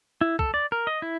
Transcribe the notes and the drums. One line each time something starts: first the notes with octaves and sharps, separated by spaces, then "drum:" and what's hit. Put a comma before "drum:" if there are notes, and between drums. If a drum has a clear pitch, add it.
E4
A4, drum: kick
D5
A#4
D#5
E4